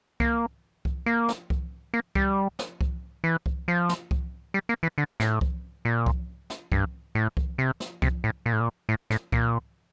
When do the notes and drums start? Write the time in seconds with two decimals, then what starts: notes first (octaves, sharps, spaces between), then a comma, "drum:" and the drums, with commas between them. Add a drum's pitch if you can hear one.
0.20 A#3, drum: kick C2
0.85 drum: kick C2
1.06 A#3
1.29 drum: snare
1.50 drum: kick C2
1.94 A#3
2.15 G3, drum: kick C2
2.59 drum: snare
2.81 drum: kick C2
3.24 E3
3.46 drum: kick C2
3.68 F3
3.89 drum: snare
4.11 drum: kick C2
4.54 G3
4.69 A#3
4.83 E3
4.98 D3
5.20 A2, drum: snare
5.41 drum: kick C2
5.85 A#2
6.06 drum: kick C2
6.50 drum: snare
6.72 G2, drum: kick C2
7.15 A2
7.37 drum: kick C2
7.58 C3
7.80 drum: snare
8.02 C3, drum: kick C2
8.24 A2
8.46 A#2
8.53 A2
8.60 A#2
8.89 A2
9.10 A2, drum: snare
9.32 A#2, drum: kick C2